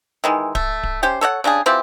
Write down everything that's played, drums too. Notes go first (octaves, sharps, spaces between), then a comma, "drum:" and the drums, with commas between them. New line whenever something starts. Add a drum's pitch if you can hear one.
D#3 E3 G#3
A3, drum: kick D1
drum: kick D1
C#4 G4 C5
A4 C#5 D5 F#5
C#3 D4 G4 G#4
E3 C4 F4 G4